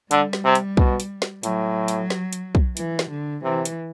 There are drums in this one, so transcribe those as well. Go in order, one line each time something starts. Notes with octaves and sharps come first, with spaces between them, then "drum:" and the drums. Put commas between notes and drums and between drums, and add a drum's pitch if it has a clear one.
D3 G3, drum: hi-hat
drum: snare
C3
drum: hi-hat
B2, drum: kick
drum: hi-hat
drum: snare
A2 F#3, drum: hi-hat
drum: hi-hat
drum: snare
drum: hi-hat
drum: kick
E3, drum: hi-hat
drum: snare
D3
C3 E3
drum: hi-hat